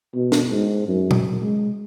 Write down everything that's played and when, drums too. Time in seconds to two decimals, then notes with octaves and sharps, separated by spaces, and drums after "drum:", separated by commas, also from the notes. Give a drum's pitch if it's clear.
0.15 B2
0.32 drum: snare
0.51 G#2
0.88 F#2
1.11 drum: tom A#2
1.42 G#3